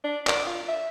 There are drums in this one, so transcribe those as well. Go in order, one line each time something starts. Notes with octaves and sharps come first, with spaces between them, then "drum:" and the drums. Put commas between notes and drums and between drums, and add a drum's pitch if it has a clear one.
D4
D5, drum: clap
F4
E5